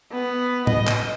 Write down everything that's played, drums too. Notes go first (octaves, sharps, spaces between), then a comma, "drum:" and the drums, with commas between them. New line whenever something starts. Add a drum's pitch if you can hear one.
B3
D#5, drum: tom A2
drum: clap